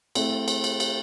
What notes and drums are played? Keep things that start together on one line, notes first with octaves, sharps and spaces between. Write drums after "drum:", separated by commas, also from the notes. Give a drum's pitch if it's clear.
A3 C4 E4, drum: cymbal
drum: cymbal
drum: cymbal
drum: cymbal